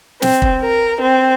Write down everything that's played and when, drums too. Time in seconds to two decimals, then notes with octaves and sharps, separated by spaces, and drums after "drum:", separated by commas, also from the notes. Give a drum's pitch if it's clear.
0.22 C4, drum: snare
0.42 drum: kick
0.62 A#4
1.01 C4